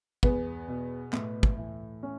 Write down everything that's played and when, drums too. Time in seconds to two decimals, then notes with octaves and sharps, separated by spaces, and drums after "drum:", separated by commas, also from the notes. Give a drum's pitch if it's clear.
0.23 E2 B3, drum: kick
0.68 B2
1.13 A2, drum: clap
1.43 drum: kick
1.58 E3
2.03 C#4